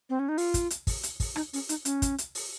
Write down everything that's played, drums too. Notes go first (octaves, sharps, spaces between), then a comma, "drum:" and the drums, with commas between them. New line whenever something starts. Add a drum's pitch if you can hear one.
C4
C#4
D#4
F4, drum: open hi-hat
drum: kick, hi-hat
drum: hi-hat
drum: kick, open hi-hat
drum: hi-hat
drum: kick, open hi-hat
D#4, drum: rim click
C#4, drum: open hi-hat
D#4, drum: hi-hat
C#4, drum: hi-hat
drum: kick, hi-hat
drum: hi-hat
drum: open hi-hat